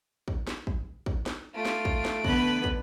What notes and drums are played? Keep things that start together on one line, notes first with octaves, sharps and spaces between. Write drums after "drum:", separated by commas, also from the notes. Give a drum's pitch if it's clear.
drum: kick
drum: snare
drum: kick
drum: kick
drum: snare
A3 F4 D7
drum: snare
drum: kick
drum: snare
D3 B3 B4 F#6, drum: kick
drum: kick